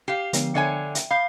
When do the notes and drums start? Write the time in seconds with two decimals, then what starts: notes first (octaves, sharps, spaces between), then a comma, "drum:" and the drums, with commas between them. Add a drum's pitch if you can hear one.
0.08 G4 F5 C7
0.33 D3 F3 B3, drum: hi-hat
0.55 D3 C#5 E5 G5 G#5
0.95 drum: hi-hat
1.11 F5 B5 G6